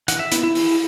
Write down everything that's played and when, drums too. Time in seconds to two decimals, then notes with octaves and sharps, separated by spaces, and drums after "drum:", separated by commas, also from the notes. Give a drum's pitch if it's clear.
0.08 E3 F#5, drum: hi-hat
0.19 E5
0.32 B3 E4, drum: hi-hat
0.43 E4
0.55 E3, drum: open hi-hat